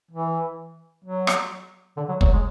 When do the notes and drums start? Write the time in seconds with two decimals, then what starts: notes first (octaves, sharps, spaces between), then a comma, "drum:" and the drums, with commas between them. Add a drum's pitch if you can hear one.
0.11 E3
1.04 F#3
1.27 drum: rim click
1.97 D3
2.08 F#3
2.21 F#3, drum: kick
2.32 G#3